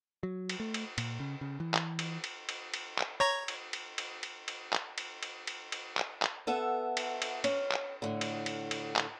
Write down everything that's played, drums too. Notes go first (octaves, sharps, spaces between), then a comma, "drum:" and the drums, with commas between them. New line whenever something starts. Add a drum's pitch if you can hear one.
F#3
drum: cymbal
A3
drum: cymbal
A#2, drum: cymbal
C#3
C#3
E3
drum: clap
drum: cymbal
drum: cymbal
drum: cymbal
drum: cymbal
drum: clap
C#5 A#5 G#6
drum: cymbal
drum: cymbal
drum: cymbal
drum: cymbal
drum: cymbal
drum: clap
drum: cymbal
drum: cymbal
drum: cymbal
drum: cymbal
drum: clap
drum: clap
B3 A4 E5 F#5
drum: cymbal
drum: cymbal
C#4, drum: cymbal
drum: clap
A2 D3
drum: cymbal
drum: cymbal
drum: cymbal
drum: clap